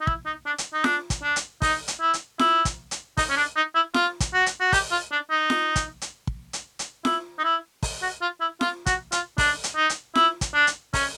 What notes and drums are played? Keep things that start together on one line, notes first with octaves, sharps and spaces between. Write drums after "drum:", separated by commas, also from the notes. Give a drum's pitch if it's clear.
D#4
E4, drum: kick
D#4
D4
drum: hi-hat
D#4
D4, drum: snare F4
drum: kick, hi-hat
D4
drum: hi-hat
D#4, drum: kick, open hi-hat
drum: hi-hat
E4
drum: hi-hat
E4, drum: snare F4
drum: kick, hi-hat
drum: hi-hat
D#4, drum: kick, open hi-hat
C#4
D4
D#4
E4
F4, drum: snare F4
drum: kick, hi-hat
F#4
drum: hi-hat
F#4
G4, drum: kick, open hi-hat
F4
D4
D#4
drum: snare F4
drum: kick, hi-hat
drum: hi-hat
drum: kick
drum: hi-hat
drum: hi-hat
E4, drum: snare F4
D#4
E4
drum: kick, open hi-hat
F#4
F4
E4
F4, drum: snare F4
F#4, drum: kick, hi-hat
F4, drum: hi-hat
D4, drum: kick, open hi-hat
drum: hi-hat
D#4
drum: hi-hat
E4, drum: snare F4
drum: kick, hi-hat
D4
drum: hi-hat
C#4, drum: kick, open hi-hat